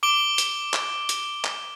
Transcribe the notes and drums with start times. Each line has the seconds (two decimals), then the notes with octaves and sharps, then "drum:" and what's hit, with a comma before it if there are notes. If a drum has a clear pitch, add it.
0.03 D6 D7 G7
0.38 drum: hi-hat
0.74 drum: clap
1.09 drum: hi-hat
1.44 drum: clap